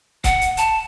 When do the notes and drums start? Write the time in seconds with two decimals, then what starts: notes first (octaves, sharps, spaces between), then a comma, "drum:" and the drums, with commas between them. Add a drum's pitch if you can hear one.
0.24 F#5, drum: kick C#1, hi-hat
0.41 drum: hi-hat
0.57 A5, drum: hi-hat